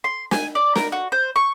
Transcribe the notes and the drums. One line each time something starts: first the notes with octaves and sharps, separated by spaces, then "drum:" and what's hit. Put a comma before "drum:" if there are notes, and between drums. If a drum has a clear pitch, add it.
C6
G#5, drum: snare
D5
A#4, drum: snare
F#4
C5
C#6